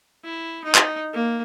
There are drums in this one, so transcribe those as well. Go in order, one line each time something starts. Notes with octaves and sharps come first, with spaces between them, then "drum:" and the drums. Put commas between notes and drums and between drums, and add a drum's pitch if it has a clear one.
E4
D#4
drum: clap
A#3